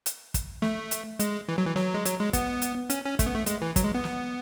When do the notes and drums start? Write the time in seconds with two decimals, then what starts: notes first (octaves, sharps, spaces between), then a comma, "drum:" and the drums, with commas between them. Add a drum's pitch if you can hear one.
0.06 drum: hi-hat
0.34 drum: kick, hi-hat
0.62 A3, drum: snare
0.91 drum: hi-hat
1.20 G#3, drum: hi-hat
1.49 E3
1.58 F#3
1.66 E3
1.76 F#3, drum: snare
1.94 G#3
2.05 F#3, drum: hi-hat
2.19 G#3
2.33 B3, drum: kick, hi-hat
2.62 drum: hi-hat
2.90 C#4, drum: hi-hat
3.05 C#4
3.19 A3, drum: kick, hi-hat
3.26 B3
3.35 A3
3.46 G#3, drum: hi-hat
3.62 E3
3.76 F#3, drum: kick, hi-hat
3.84 G#3
3.94 B3
4.04 drum: snare